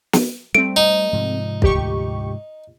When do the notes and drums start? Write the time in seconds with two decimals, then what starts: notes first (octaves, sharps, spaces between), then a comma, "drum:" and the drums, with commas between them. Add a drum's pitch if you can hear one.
0.13 drum: snare
0.55 G3 A3 C4 D7
0.76 D#4
1.13 G#2 C3 F3
1.62 D2 G4 C#6, drum: kick